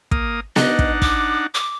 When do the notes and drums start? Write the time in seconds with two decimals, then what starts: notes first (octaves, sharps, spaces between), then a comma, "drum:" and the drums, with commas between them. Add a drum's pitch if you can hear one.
0.11 A#3 D#6, drum: kick
0.56 D4 D#4 D#5 F#5, drum: snare B3
0.79 drum: kick
1.02 D6, drum: kick
1.54 D6